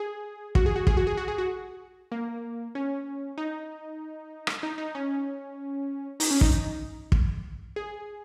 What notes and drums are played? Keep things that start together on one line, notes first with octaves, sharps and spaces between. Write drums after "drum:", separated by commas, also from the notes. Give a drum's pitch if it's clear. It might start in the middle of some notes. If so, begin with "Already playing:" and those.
Already playing: G#4
F#4, drum: kick
G#4
F#4
G#4, drum: kick
F#4
G#4
F#4
G#4
F#4
A#3
C#4
D#4
drum: rim click
D#4
D#4
C#4
D#4, drum: open hi-hat
C#4
D#4, drum: kick
drum: kick
G#4